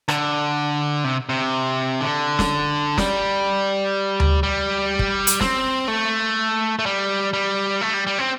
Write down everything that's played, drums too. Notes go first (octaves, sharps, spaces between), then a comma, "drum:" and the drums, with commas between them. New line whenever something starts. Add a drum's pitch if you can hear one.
D3, drum: rim click
C3
C3
D3
drum: snare
G3, drum: snare
drum: tom D2
G3
drum: kick
drum: hi-hat
C4, drum: snare
A3
A3
G3
G3
A3
G3
G3
C4